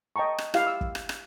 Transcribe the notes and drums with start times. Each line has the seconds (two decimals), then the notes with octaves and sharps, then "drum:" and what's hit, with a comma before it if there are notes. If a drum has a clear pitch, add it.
0.16 D#5 G5 A5 A#5 C#6
0.38 drum: rim click
0.54 E4 G4 F5, drum: rim click
0.67 E6
0.81 drum: kick
0.95 drum: rim click
1.09 drum: rim click